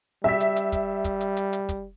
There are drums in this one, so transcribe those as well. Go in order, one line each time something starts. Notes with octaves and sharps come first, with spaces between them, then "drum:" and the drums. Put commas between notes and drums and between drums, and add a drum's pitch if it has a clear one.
G3 E5 B6
drum: hi-hat
drum: hi-hat
drum: kick, hi-hat
drum: kick, hi-hat
drum: hi-hat
drum: hi-hat
drum: hi-hat
drum: kick, hi-hat